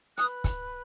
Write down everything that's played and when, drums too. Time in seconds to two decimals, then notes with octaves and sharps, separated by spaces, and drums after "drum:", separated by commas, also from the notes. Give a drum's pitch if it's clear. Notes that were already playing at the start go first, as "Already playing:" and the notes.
0.17 B4 D#6 F#6, drum: hi-hat
0.44 drum: kick, hi-hat